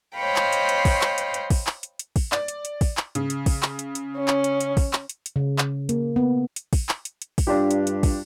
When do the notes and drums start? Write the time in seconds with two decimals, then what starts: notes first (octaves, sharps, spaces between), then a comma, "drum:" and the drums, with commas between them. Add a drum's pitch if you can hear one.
0.16 C5 C#5 D#5 F5 G5 B5
0.36 drum: clap
0.53 drum: hi-hat
0.69 drum: hi-hat
0.85 drum: kick, open hi-hat
1.01 drum: clap
1.18 drum: hi-hat
1.34 drum: hi-hat
1.50 drum: kick, open hi-hat
1.67 drum: clap
1.83 drum: hi-hat
1.99 drum: hi-hat
2.16 drum: kick, open hi-hat
2.32 D5, drum: clap
2.48 drum: hi-hat
2.65 drum: hi-hat
2.81 drum: kick, open hi-hat
2.97 drum: clap
3.15 C#3, drum: hi-hat
3.30 drum: hi-hat
3.46 drum: kick, open hi-hat
3.63 drum: clap
3.79 drum: hi-hat
3.95 drum: hi-hat
4.18 C#4
4.28 drum: clap
4.44 drum: hi-hat
4.61 drum: hi-hat
4.77 drum: kick, open hi-hat
4.93 drum: clap
5.09 drum: hi-hat
5.26 drum: hi-hat
5.36 C#3
5.58 drum: clap
5.89 A#3, drum: hi-hat
6.16 B3
6.56 drum: hi-hat
6.73 drum: kick, open hi-hat
6.89 drum: clap
7.05 drum: hi-hat
7.22 drum: hi-hat
7.38 drum: kick, open hi-hat
7.47 G2 D4 F4 G4
7.71 drum: hi-hat
7.87 drum: hi-hat
8.03 drum: kick, open hi-hat